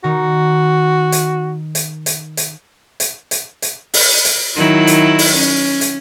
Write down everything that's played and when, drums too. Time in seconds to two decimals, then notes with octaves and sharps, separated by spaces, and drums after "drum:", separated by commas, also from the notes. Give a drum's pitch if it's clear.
0.04 D#3 D#4 F#4
1.12 drum: hi-hat
1.75 drum: hi-hat
2.06 drum: hi-hat
2.37 drum: hi-hat
3.00 drum: hi-hat
3.31 drum: hi-hat
3.62 drum: hi-hat
3.94 drum: open hi-hat
4.25 drum: hi-hat
4.56 D#3 F#3 E4
4.87 drum: hi-hat
5.19 drum: open hi-hat
5.36 C#4
5.81 drum: hi-hat